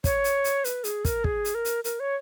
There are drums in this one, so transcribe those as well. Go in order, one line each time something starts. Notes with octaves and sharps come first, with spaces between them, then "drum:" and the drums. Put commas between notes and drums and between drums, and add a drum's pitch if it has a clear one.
C#5, drum: kick, hi-hat
drum: hi-hat
drum: hi-hat
B4, drum: hi-hat
G#4, drum: hi-hat
A#4, drum: kick, hi-hat
G#4, drum: kick
drum: hi-hat
A#4
drum: hi-hat
A#4, drum: hi-hat
C#5